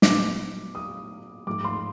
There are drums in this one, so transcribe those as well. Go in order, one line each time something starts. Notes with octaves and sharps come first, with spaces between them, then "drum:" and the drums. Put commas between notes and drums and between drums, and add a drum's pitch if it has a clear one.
A#2 F#3 B3 D6, drum: snare
D#6
G#2 F3 A3 D6
C6